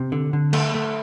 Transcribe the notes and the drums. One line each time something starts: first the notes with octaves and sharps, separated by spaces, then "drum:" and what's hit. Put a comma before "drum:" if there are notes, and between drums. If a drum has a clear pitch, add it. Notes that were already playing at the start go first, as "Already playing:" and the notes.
Already playing: C3
D3
D3
A3, drum: cymbal
A3